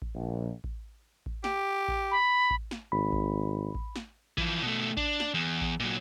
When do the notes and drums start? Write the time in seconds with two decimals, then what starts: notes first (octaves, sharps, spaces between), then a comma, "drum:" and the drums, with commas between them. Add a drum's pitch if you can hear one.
0.02 drum: kick A1
0.14 A#1
0.64 drum: kick A1
1.26 drum: kick A1
1.44 G4, drum: snare
1.88 drum: kick A1
2.11 B5
2.51 drum: kick A1
2.71 drum: snare
2.92 G#1 B5
3.13 drum: kick A1
3.75 drum: kick A1
3.96 drum: snare
4.38 E3 F3, drum: kick A1
4.62 B2 A3
4.97 D4, drum: kick A1
5.20 drum: snare
5.34 E2
5.61 drum: kick A1
5.80 A#2 F#3